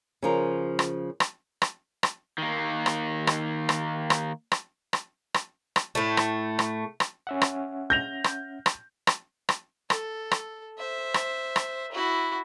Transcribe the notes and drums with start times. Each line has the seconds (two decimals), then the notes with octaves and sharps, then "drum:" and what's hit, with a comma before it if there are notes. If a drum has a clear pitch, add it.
0.22 C#3 F3 A#4
0.79 drum: rim click
1.20 drum: rim click
1.62 drum: rim click
2.03 drum: rim click
2.38 D#3 A#3
2.86 drum: rim click
3.27 drum: rim click
3.69 drum: rim click
4.10 drum: rim click
4.52 drum: rim click
4.93 drum: rim click
5.34 drum: rim click
5.76 drum: rim click
5.95 A2 A3
6.17 drum: rim click
6.59 drum: rim click
7.00 drum: rim click
7.27 C#4 E5 F#5
7.42 drum: rim click
7.90 G6 A#6 F7
8.24 drum: rim click
8.66 drum: rim click
9.07 drum: rim click
9.49 drum: rim click
9.90 A4, drum: rim click
10.31 drum: rim click
10.78 C5 E5
11.14 drum: rim click
11.56 drum: rim click
11.92 E4 F#4